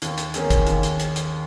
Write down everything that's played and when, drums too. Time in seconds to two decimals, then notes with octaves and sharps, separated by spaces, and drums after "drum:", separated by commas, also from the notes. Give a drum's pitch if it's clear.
0.02 D#2, drum: hi-hat
0.18 drum: hi-hat
0.34 D#3 A#3 C#4 G#4, drum: hi-hat
0.50 drum: kick, hi-hat
0.67 D#2, drum: hi-hat
0.83 drum: hi-hat
1.00 drum: hi-hat
1.16 drum: hi-hat